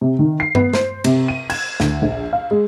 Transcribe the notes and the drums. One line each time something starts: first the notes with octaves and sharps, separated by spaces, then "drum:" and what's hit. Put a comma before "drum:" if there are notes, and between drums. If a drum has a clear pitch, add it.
C3
D#3
C7
B3, drum: tom G2
C5, drum: snare
C3, drum: cymbal
D#7
G#6, drum: cymbal
D2, drum: snare
A#1
F5
G#3